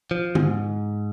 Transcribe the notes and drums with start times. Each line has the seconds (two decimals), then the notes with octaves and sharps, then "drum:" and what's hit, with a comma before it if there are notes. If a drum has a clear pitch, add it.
0.11 F3
0.35 G#2, drum: tom D3